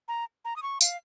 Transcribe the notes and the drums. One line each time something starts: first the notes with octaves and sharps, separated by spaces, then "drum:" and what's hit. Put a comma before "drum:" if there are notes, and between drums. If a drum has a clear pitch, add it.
A#5
A#5
D#6
C#6
F5, drum: tambourine